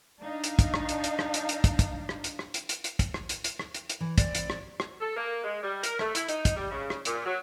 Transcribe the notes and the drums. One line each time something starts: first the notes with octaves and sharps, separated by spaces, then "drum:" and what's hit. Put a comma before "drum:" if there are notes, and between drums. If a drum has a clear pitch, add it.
D4 D#4 F5
drum: hi-hat
drum: kick, hi-hat
drum: rim click
drum: hi-hat
drum: hi-hat
drum: rim click
drum: hi-hat
drum: hi-hat
drum: kick, hi-hat
drum: kick, hi-hat
drum: rim click
drum: hi-hat
drum: rim click
drum: hi-hat
drum: hi-hat
drum: hi-hat
drum: kick, hi-hat
drum: rim click
drum: hi-hat
drum: hi-hat
drum: rim click
drum: hi-hat
drum: hi-hat
E3
C4 D5, drum: kick, hi-hat
drum: hi-hat
drum: rim click
drum: rim click
A4
A#3
G#3
G3
A#4, drum: hi-hat
A3, drum: rim click
E4, drum: hi-hat
D#4, drum: hi-hat
drum: kick, hi-hat
G3
C#3
drum: rim click
A#2, drum: hi-hat
F#3